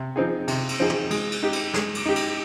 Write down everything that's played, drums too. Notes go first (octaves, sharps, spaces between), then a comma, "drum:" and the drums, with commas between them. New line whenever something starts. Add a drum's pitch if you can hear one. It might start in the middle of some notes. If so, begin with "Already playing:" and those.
Already playing: C3
F3 C4 D#4 G#4
C3, drum: cymbal
drum: cymbal
F3 C4 D#4 G#4
drum: tom
G#3, drum: cymbal
drum: cymbal
D#4 G4
drum: cymbal
G#3, drum: snare
drum: cymbal
D#4 G4
drum: cymbal